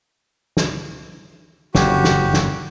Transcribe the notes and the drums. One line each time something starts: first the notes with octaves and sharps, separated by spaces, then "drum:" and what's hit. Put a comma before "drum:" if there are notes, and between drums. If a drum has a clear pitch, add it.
drum: snare
F#1 F2 C#3 F#4 G4, drum: snare
drum: snare
drum: snare